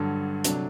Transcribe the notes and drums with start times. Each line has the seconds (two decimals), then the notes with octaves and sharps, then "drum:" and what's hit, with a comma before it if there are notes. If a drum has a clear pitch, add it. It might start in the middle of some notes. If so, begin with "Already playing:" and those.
Already playing: G2 D3 F#3
0.44 C3 F#3 A3 D4, drum: hi-hat